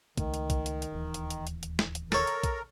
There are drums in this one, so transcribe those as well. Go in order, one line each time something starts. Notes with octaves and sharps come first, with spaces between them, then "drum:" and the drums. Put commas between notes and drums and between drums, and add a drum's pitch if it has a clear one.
C#2 D#3 A3, drum: kick A#1, hi-hat
drum: hi-hat
drum: kick A#1, hi-hat
drum: hi-hat
drum: hi-hat
D1 D#2 E3
drum: hi-hat
drum: hi-hat
drum: hi-hat
drum: hi-hat
drum: snare
drum: hi-hat
A4 A#4 C#5, drum: snare
drum: hi-hat
drum: kick A#1, hi-hat